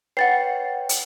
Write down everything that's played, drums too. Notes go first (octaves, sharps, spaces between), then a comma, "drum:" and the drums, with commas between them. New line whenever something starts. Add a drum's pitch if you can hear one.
B4 C#5 F#5 G5 A6 C7
drum: hi-hat